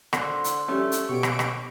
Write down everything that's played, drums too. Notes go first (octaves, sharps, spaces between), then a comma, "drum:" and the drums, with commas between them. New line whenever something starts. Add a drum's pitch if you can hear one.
D3 C5, drum: rim click
drum: hi-hat
G3 A3 C#4
drum: hi-hat
B2 G4 C#5 D7
drum: rim click
drum: rim click